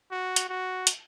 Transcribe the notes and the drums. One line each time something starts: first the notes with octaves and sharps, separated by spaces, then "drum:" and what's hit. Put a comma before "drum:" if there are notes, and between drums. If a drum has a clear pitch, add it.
F#4
drum: hi-hat
F#4
drum: hi-hat